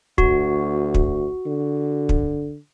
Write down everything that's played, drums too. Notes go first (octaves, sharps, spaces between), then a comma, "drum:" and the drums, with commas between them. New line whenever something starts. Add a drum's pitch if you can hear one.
D2 F#4, drum: kick
drum: kick
D3
drum: kick